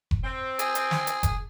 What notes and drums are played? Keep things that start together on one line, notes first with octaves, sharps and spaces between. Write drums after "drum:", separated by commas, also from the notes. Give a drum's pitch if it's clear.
drum: kick F1
C4
G#4, drum: hi-hat
drum: hi-hat
drum: snare
drum: hi-hat
drum: kick F1, hi-hat